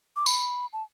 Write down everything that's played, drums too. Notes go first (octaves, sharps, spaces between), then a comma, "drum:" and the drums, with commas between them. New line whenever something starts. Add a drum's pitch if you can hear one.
D6
B5, drum: tambourine
A5